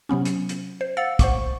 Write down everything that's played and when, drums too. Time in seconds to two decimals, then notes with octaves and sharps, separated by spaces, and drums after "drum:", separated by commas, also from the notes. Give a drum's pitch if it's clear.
0.09 C3 F#3 B3 C#4
0.25 drum: hi-hat
0.49 drum: hi-hat
0.81 C5
0.97 F5 F#5 E6 A6 C#7
1.19 C5 F#5 C#6 D6, drum: kick, hi-hat